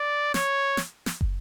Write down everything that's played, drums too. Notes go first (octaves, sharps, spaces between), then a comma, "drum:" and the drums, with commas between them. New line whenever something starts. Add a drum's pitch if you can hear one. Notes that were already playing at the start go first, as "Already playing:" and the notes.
Already playing: D5
C#5, drum: snare
drum: snare
drum: snare
drum: kick